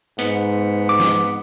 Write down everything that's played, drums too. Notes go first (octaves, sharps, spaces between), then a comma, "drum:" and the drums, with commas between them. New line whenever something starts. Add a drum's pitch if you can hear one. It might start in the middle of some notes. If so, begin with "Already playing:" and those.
G#2 B3, drum: hi-hat
D6
drum: snare